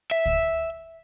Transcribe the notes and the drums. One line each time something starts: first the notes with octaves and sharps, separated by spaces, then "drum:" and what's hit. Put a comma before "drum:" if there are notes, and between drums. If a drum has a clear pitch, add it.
E5
drum: kick